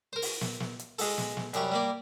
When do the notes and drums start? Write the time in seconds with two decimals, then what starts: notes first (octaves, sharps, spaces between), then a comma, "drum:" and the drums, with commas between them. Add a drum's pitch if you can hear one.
0.13 A#4 C5
0.22 drum: open hi-hat
0.41 drum: snare
0.60 drum: snare
0.79 drum: hi-hat
0.99 G#3 A4, drum: open hi-hat
1.18 drum: snare
1.37 drum: snare
1.54 C2 F#2 G3 C#5, drum: hi-hat
1.72 G3 A#3 D5